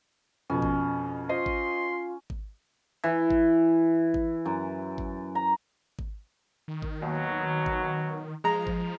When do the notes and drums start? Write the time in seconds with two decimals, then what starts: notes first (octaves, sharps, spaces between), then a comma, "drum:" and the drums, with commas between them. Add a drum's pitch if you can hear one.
0.50 F2 B2 C#4
0.62 drum: kick G#1
1.29 F4 C5 D#5 C6
1.46 drum: kick G#1
2.30 drum: kick G#1
3.04 E3
3.31 drum: kick G#1
4.14 drum: kick G#1
4.45 F#2
4.98 drum: kick G#1
5.35 A#5
5.99 drum: kick G#1
6.68 D#3
6.82 drum: kick G#1
7.02 D#2 B2 F#3
7.66 drum: kick G#1
8.44 F3 G#3 A#5
8.67 drum: kick G#1